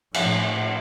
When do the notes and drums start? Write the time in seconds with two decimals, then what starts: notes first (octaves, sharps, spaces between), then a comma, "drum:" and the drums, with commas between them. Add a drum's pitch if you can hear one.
0.14 A2 F3, drum: cymbal